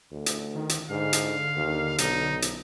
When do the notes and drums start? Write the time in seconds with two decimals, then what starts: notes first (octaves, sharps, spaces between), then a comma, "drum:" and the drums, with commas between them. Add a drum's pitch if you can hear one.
0.11 D2
0.26 drum: hi-hat
0.55 D#3
0.69 drum: hi-hat
0.90 G#2 D3 F5
1.13 drum: hi-hat
1.56 D#2
1.98 B1 D#4, drum: hi-hat
2.42 drum: hi-hat